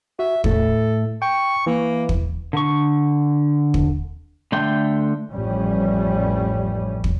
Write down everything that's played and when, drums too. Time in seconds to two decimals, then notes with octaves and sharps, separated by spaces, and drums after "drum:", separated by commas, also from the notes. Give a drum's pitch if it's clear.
0.19 F#4 E5
0.44 A2 A3 A4, drum: kick
1.22 G5 C#6
1.66 E3 A#3
2.09 drum: kick
2.53 D3 C#6
3.74 drum: kick
4.52 D3 A3 G5 C6
5.32 A1 F2 G3 C#4
7.04 drum: kick